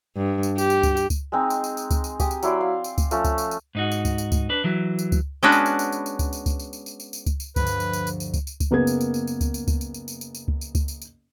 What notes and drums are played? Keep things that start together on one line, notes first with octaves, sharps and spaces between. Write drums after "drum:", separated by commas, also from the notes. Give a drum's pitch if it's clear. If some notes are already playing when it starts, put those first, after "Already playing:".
G2
drum: tambourine
G4, drum: tambourine
drum: tambourine
drum: kick C#2, tambourine
drum: tambourine
drum: kick C#2, tambourine
G#3 C4 D#4
drum: tambourine
drum: tambourine
drum: tambourine
drum: kick C#2, tambourine
drum: tambourine
G4 G#5 D#6, drum: kick C#2, tambourine
drum: tambourine
F#3 E4 D5 C6, drum: tambourine
F5
drum: tambourine
drum: kick C#2, tambourine
F3 A3 C#4, drum: tambourine
drum: kick C#2, tambourine
drum: tambourine
drum: tambourine
G#2 D#4 F#4
drum: tambourine
drum: kick C#2, tambourine
drum: tambourine
drum: kick C#2, tambourine
D4 B4
E3 F#3
drum: tambourine
drum: kick C#2, tambourine
G#3 B3 C#4 D4 F#4 B4
drum: tambourine
drum: tambourine
drum: tambourine
drum: tambourine
drum: tambourine
drum: kick C#2, tambourine
drum: tambourine
drum: kick C#2, tambourine
drum: tambourine
drum: tambourine
drum: tambourine
drum: tambourine
drum: tambourine
drum: kick C#2, tambourine
drum: tambourine
D2 G2 F3 B4, drum: kick C#2, tambourine
drum: tambourine
drum: tambourine
drum: tambourine
drum: tambourine
drum: tambourine
drum: kick C#2, tambourine
drum: tambourine
drum: kick C#2, tambourine
F#1 A#3 B3 G#4 G#6
drum: tambourine
drum: tambourine
drum: tambourine
drum: tambourine
drum: kick C#2, tambourine
drum: tambourine
drum: kick C#2, tambourine
drum: tambourine
drum: tambourine
drum: tambourine
drum: tambourine
drum: tambourine
drum: kick C#2
drum: tambourine
drum: kick C#2, tambourine
drum: tambourine
drum: tambourine